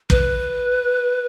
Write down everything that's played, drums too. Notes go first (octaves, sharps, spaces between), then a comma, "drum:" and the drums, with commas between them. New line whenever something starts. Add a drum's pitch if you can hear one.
B4, drum: kick